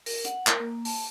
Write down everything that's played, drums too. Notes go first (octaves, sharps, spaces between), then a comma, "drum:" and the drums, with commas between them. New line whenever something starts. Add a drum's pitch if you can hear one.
A#4, drum: open hi-hat
F#5, drum: hi-hat
A#4, drum: clap
A#3
A5, drum: open hi-hat